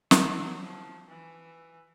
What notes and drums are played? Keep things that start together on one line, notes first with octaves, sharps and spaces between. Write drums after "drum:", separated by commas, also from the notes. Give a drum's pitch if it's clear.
F#3, drum: snare
F3
E3